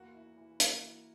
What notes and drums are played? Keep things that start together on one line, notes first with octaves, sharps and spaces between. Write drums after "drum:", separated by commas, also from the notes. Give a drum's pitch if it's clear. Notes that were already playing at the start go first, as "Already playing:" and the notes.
Already playing: E2 A#3 F#4
E4
E3
A#3 F#4, drum: hi-hat
E4